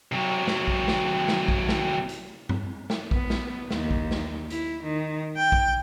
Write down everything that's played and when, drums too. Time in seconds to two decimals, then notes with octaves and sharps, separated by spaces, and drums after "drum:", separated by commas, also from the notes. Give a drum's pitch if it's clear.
0.12 C3 F#3
0.47 drum: snare
0.68 drum: kick A#1
0.88 drum: snare
1.28 drum: snare
1.48 drum: kick A#1
1.69 drum: snare
2.09 drum: hi-hat
2.49 drum: tom G2
2.90 drum: snare
3.11 B3, drum: kick A#1
3.30 drum: snare
3.71 D#2, drum: snare
3.91 drum: kick A#1
4.11 drum: snare
4.50 E4, drum: hi-hat
4.83 D#3
5.37 G5
5.52 drum: kick A#1